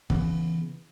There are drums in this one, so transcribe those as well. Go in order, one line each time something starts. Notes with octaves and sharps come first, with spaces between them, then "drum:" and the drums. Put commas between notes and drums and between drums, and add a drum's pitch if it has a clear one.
C#3 E3 B3, drum: kick